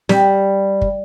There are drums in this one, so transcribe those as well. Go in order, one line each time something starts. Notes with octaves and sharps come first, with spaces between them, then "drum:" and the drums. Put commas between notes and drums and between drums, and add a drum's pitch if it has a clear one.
G3, drum: snare
drum: kick